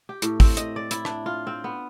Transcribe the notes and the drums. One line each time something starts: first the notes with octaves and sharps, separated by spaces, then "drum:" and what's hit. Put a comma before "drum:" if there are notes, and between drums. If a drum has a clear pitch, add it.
G4
A2, drum: hi-hat
C4, drum: kick, open hi-hat
D#5, drum: hi-hat
D5
E4, drum: hi-hat
D4, drum: rim click
F4
C4
B3